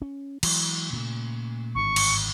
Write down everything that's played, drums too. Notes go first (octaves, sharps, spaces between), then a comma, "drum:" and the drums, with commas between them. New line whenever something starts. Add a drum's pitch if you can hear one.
C#4
E3 F#3 G#3, drum: cymbal
A#2 C#3 A3
G#1 G2 D3 C#6
drum: cymbal